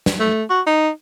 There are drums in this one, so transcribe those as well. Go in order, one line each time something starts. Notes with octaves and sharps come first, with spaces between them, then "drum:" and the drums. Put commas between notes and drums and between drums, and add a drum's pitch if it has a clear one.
drum: snare
A3
F#4
D#4